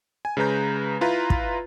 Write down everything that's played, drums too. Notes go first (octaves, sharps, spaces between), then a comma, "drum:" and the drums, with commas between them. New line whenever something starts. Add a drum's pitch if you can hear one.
G#5
C#3 G#3 B4 A#5 G6
E4 F4 B4 A#5
drum: kick